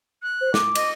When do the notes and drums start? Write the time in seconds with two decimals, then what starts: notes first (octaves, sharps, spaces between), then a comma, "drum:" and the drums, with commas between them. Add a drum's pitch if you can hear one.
0.23 F#6
0.41 C5
0.54 D6, drum: snare
0.75 D#5, drum: cymbal